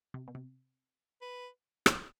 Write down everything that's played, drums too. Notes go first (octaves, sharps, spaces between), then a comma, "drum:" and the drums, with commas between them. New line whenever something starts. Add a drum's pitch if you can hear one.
C3
B2
C3
B4
drum: rim click